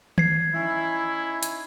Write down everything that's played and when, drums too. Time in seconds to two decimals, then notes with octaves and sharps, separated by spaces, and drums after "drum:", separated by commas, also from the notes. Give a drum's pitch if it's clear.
0.18 G#6 C7, drum: tom D#3
0.54 C#4 D#4 E4
1.43 drum: hi-hat